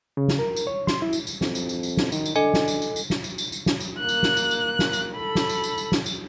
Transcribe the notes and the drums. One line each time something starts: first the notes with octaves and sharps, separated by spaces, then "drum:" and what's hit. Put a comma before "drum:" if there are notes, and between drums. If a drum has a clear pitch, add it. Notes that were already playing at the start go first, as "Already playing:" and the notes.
C#3
drum: snare
A#4
drum: tambourine
C#5
C6, drum: snare
E4
drum: tambourine
drum: tambourine
F2, drum: snare
drum: tambourine
drum: tambourine
drum: tambourine
drum: snare
D#3, drum: tambourine
drum: tambourine
D3 A4 D#5 G#5
drum: snare
drum: tambourine
drum: tambourine
drum: tambourine
drum: snare
drum: tambourine
drum: tambourine
drum: tambourine
drum: snare
drum: tambourine
A#3 F#6
drum: tambourine
drum: snare
drum: tambourine
drum: tambourine
drum: snare
drum: tambourine
A4 B5
drum: snare
drum: tambourine
drum: tambourine
drum: tambourine
drum: snare
drum: tambourine